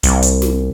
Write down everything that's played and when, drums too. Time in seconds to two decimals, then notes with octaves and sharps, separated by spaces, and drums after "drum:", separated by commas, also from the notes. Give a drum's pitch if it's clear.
0.03 C2, drum: hi-hat
0.22 drum: hi-hat
0.42 drum: snare